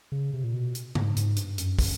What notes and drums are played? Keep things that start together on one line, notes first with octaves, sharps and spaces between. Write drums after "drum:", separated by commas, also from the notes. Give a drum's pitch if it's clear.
C#3
C3
A#2
B2
drum: hi-hat
G#2, drum: tom
G#2, drum: hi-hat
G2, drum: hi-hat
F#2, drum: hi-hat
drum: kick, open hi-hat